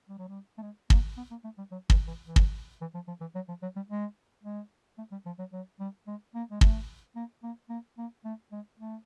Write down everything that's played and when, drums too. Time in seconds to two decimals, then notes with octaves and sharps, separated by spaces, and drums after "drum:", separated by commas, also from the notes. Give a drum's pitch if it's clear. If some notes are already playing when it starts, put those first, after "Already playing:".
0.09 G3
0.18 F#3
0.28 G3
0.58 A3
0.62 G#3
0.90 A#3, drum: kick
1.17 B3
1.31 A#3
1.44 A3
1.58 G3
1.72 F#3
1.90 E3, drum: kick
2.07 E3
2.26 E3
2.36 drum: kick
2.81 E3
2.94 F3
3.08 F3
3.21 E3
3.35 F#3
3.48 F3
3.62 F#3
3.76 G3
3.89 G#3
4.43 G#3
4.98 A3
5.12 G3
5.26 F3
5.39 F#3
5.53 F#3
5.80 G3
6.07 G#3
6.35 A#3
6.51 G#3
6.61 A3, drum: kick
7.16 A#3
7.43 A#3
7.70 A#3
7.98 A#3
8.25 A3
8.52 G#3
8.79 A3